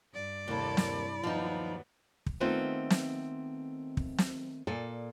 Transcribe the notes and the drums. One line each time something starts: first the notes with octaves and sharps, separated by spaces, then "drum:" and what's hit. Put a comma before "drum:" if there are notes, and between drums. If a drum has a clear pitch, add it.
G2 D5
D#2 C3 A#3 E4 A4 C#5
drum: snare
D#2 F3 F#3 B3 D#4
drum: kick
D#3 A3 B3 C4 F4
drum: snare
drum: kick
drum: snare
A#2 A4 D5